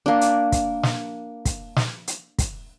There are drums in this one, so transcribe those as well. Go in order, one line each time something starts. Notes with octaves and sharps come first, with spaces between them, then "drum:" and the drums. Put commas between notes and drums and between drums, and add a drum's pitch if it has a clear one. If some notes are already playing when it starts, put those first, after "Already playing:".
A#3 D4
drum: hi-hat
drum: kick, hi-hat
drum: snare
drum: kick, hi-hat
drum: snare
drum: hi-hat
drum: kick, hi-hat